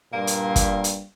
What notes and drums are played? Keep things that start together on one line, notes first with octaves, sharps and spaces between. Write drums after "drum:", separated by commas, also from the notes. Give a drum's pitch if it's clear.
G2 A#2 A#3
drum: hi-hat
drum: kick, hi-hat
drum: hi-hat